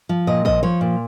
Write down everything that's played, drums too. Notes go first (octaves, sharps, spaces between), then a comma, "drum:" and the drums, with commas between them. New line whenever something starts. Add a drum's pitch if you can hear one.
F3
A#2 D#5
F3 D#5, drum: kick A1
F3 C#5
A#2